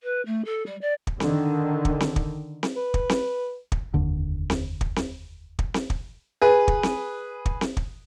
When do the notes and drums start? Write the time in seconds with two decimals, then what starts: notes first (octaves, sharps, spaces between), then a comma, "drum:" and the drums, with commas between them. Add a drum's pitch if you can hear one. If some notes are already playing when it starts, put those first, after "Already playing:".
0.03 B4
0.25 A3
0.45 A4
0.66 G3
0.81 D5
1.07 drum: kick
1.20 D3 D#3, drum: snare C4
1.85 drum: kick
2.00 drum: snare C4
2.16 drum: kick
2.63 drum: snare C4
2.76 B4
2.94 drum: kick
3.09 drum: snare C4
3.72 drum: kick
3.94 F1 D#2 D3
4.50 drum: snare C4
4.81 drum: kick
4.96 drum: snare C4
5.59 drum: kick
5.74 drum: snare C4
5.90 drum: kick
6.42 G#4 B4
6.68 drum: kick
6.83 drum: snare C4
7.46 drum: kick
7.61 drum: snare C4
7.77 drum: kick